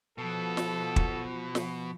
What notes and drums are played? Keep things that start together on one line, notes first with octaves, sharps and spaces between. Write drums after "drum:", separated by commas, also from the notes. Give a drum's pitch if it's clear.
B2 F3 A4
drum: snare
drum: kick
drum: snare